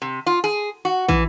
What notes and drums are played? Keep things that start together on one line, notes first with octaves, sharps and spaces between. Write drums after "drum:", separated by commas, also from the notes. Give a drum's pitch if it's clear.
C3
F4
G#4
F#4
E3, drum: kick